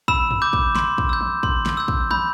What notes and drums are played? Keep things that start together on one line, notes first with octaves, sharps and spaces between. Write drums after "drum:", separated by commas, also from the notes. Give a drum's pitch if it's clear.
B5 E6 E7, drum: kick
drum: tom F2
D6 G6
drum: kick
C6, drum: snare
drum: kick
E6 G6
drum: tom
C6, drum: kick
drum: snare
E6 G6
drum: kick
B5 G6, drum: tom